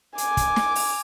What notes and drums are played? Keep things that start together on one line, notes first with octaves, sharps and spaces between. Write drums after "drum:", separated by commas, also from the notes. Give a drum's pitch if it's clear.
G#5 D6, drum: hi-hat
drum: kick, hi-hat
drum: snare
drum: open hi-hat